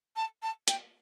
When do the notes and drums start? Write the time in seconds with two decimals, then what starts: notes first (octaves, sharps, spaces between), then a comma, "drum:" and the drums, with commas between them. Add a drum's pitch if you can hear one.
0.16 A5
0.42 A5
0.68 G5, drum: hi-hat